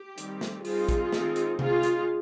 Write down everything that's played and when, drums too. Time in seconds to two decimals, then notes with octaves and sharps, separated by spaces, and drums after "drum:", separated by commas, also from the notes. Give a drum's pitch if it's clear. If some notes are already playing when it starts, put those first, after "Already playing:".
Already playing: G4
0.18 D#3 G3 C4, drum: hi-hat
0.41 drum: snare
0.65 G3 C4 D#4 F4 G#4, drum: open hi-hat
0.89 drum: kick, hi-hat
1.13 D#3 G#3 C4 D#4, drum: snare
1.36 drum: hi-hat
1.59 G#3 D#4 F4 G#4, drum: tom C3
1.83 drum: hi-hat